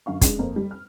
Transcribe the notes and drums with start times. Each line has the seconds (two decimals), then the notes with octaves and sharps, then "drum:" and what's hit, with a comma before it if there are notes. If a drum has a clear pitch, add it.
0.06 F#2 D3 F5 C#6
0.21 C#3 G#3 D4, drum: kick, hi-hat
0.39 F2 A#3 C4
0.56 G3
0.71 F6